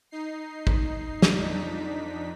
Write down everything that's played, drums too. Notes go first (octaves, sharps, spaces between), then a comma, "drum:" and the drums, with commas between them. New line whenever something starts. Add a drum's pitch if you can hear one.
D#4 C7
drum: kick
drum: snare
F2 D4 D#4 B6